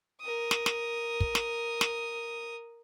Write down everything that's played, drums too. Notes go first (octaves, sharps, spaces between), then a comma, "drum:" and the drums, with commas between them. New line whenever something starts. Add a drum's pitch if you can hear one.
A#4 D#6
drum: snare
drum: snare
drum: kick
drum: snare
drum: snare